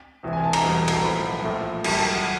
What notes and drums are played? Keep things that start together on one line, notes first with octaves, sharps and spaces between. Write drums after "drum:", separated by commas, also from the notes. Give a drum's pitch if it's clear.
E1 E2 C3
G#5
A5
A#5, drum: cymbal
E1 E2 B2 G3
A5, drum: cymbal
A#5
B1 A2 F3 B5
A#1 A#2 F3 A3
G#1 F#2 D#3 G3 A5, drum: cymbal
A5
A5
F#5